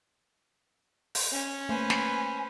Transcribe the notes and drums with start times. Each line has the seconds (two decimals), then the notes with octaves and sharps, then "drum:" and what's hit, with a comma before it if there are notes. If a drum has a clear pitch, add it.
1.15 drum: open hi-hat
1.32 C#4
1.69 A3 A#3 B4 C5 G#5
1.90 drum: snare